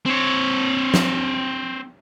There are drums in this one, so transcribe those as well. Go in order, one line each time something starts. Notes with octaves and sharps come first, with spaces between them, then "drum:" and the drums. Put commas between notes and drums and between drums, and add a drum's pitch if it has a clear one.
C4 C#5
drum: snare